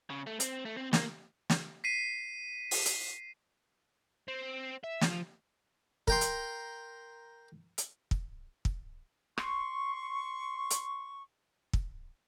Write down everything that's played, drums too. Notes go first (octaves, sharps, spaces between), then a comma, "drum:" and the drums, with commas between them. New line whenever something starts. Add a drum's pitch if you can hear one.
C#3
A3
C4, drum: hi-hat
A3
C4
A#3, drum: snare
drum: snare
B6 C7 D#7
drum: open hi-hat
drum: hi-hat
C4
E5
F3, drum: snare
A#4 G5 C6, drum: kick
drum: hi-hat
drum: hi-hat
drum: kick
drum: kick
C6 C#6, drum: rim click
drum: hi-hat
drum: kick